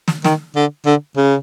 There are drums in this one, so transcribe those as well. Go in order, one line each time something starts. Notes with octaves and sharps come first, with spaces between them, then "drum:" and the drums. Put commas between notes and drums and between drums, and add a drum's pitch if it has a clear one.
drum: snare
D#3, drum: snare
D3
D3
C#3